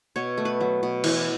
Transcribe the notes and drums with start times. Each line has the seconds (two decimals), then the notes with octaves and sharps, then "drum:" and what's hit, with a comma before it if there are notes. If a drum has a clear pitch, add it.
0.16 B2 C#5
0.37 A3
0.45 B4
0.61 F#3
0.83 B2
1.04 E3, drum: cymbal